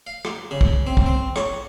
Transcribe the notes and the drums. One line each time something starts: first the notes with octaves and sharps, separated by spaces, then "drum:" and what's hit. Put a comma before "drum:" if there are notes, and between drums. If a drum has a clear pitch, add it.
F5
drum: rim click
C#3
drum: kick
C4
drum: kick
C4
C#5, drum: rim click